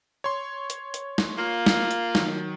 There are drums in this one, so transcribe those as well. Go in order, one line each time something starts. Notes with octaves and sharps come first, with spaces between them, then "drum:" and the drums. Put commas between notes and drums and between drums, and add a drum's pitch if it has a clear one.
C#5 C6
drum: hi-hat
drum: hi-hat
drum: snare
A#3 F4
drum: snare
drum: hi-hat
D#3 F#3, drum: snare